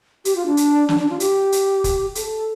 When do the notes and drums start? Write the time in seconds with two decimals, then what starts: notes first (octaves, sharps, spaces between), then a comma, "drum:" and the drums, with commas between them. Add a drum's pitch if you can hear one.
0.25 G4, drum: hi-hat
0.36 F4
0.47 D4
0.57 drum: hi-hat
0.89 D4, drum: snare
0.99 D4
1.10 F4
1.20 G4, drum: hi-hat
1.52 drum: hi-hat
1.84 drum: kick F1, hi-hat
2.15 A4, drum: hi-hat